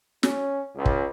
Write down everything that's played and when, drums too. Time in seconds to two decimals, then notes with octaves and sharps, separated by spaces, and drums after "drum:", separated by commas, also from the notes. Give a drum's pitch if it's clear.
0.23 C#4, drum: snare
0.76 C#2
0.85 drum: kick